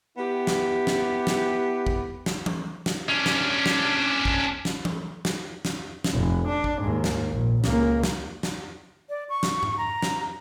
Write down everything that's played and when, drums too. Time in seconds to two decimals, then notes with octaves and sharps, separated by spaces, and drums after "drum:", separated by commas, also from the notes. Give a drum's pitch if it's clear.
0.18 B3 E4 G4
0.47 drum: snare
0.87 drum: snare
1.27 drum: snare
1.87 drum: kick
2.26 drum: snare
2.46 drum: tom E3
2.86 drum: snare
3.09 C#4 D4
3.26 drum: snare
3.66 drum: snare
4.25 drum: kick
4.65 drum: snare
4.85 drum: tom E3
5.25 drum: snare
5.65 drum: snare
6.04 drum: snare
6.14 F1
6.48 D4
6.64 drum: kick
6.82 D#2 G#2
7.04 drum: snare
7.32 A#1
7.64 C#2 A#3, drum: snare
8.03 drum: snare
8.43 drum: snare
9.09 D5
9.29 C#6
9.43 drum: snare
9.63 drum: tom G#2
9.77 A#5
10.02 drum: snare